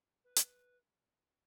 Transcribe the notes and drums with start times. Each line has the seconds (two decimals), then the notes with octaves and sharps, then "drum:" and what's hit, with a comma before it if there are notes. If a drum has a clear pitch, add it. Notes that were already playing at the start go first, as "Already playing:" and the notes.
0.24 B4
0.36 drum: hi-hat